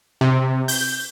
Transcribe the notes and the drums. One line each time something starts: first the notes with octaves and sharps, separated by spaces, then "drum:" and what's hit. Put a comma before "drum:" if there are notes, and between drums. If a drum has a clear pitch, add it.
C3
G6, drum: open hi-hat